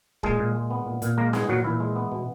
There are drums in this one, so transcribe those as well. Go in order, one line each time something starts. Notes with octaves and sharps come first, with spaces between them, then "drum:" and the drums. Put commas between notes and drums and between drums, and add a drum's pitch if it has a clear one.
A#2 G#3 G#4, drum: kick
A#2
G#3
B3
A#2
A#2, drum: hi-hat
G#3 A#3 A#4
G#3 B3 G#4, drum: snare
A#2 F#3 F#4
A#2 E3 E4
G#3
B3
B2